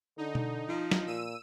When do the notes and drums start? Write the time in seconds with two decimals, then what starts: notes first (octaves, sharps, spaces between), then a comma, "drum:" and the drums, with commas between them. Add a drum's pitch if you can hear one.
0.18 D3 D#4
0.35 drum: tom B2
0.68 F3
0.91 drum: snare
1.07 A#2 E6 D#7